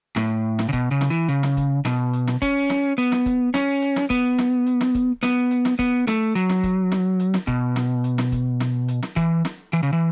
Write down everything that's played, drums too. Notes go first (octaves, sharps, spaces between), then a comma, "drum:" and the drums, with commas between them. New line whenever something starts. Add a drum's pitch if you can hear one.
A2, drum: snare
drum: snare
C#3
B2, drum: kick, hi-hat
C#3
drum: snare
E3
C#3, drum: hi-hat
drum: snare
drum: kick, hi-hat
B2, drum: snare
drum: hi-hat
drum: snare
C#4, drum: kick, hi-hat
drum: snare
B3, drum: hi-hat
drum: snare
drum: kick, hi-hat
C#4, drum: snare
drum: hi-hat
drum: snare
B3, drum: kick, hi-hat
drum: snare
drum: hi-hat
drum: snare
drum: kick, hi-hat
B3, drum: snare
drum: hi-hat
drum: snare
B3, drum: kick, hi-hat
A3, drum: snare
F#3, drum: hi-hat
drum: snare
drum: kick, hi-hat
drum: snare
drum: hi-hat
drum: snare
B2, drum: kick
drum: snare
drum: hi-hat
drum: snare
drum: kick, hi-hat
drum: snare
drum: hi-hat
drum: snare
E3, drum: kick, hi-hat
drum: snare
E3, drum: hi-hat
C#3
E3